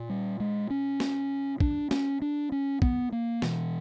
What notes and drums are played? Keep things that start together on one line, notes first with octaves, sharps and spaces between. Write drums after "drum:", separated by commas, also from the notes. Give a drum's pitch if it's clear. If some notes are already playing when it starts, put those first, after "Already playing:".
Already playing: A#2
G3
G#3
C#4
drum: snare
D4, drum: kick
C#4, drum: snare
D4
C#4
B3, drum: kick
A#3
B2 E3, drum: snare